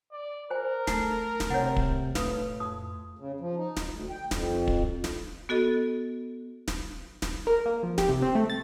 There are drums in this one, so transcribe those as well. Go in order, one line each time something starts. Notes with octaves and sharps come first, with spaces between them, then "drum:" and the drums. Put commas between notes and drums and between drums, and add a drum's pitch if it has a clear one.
D5
A#4 C5 G#5
A3 A4, drum: snare
drum: snare
C3 C#5 F#5 A6
drum: kick
A2 B4 F5 D#6, drum: snare
F2 D#6
C#3
F3
D#4
drum: snare
D2
G5
F2, drum: snare
drum: kick
drum: snare
B3 F#4 A4 D#5
drum: snare
drum: snare
A#4
A#3
F3
G4, drum: snare
C3
C4
A3
A6